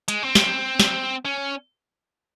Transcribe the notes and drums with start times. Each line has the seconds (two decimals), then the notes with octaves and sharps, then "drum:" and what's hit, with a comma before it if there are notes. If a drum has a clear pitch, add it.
0.08 G#3, drum: hi-hat
0.23 C4
0.35 drum: snare
0.80 drum: snare
1.25 C#4